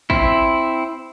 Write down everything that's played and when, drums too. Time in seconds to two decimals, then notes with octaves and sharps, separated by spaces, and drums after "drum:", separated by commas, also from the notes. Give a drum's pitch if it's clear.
0.10 C4 E4, drum: kick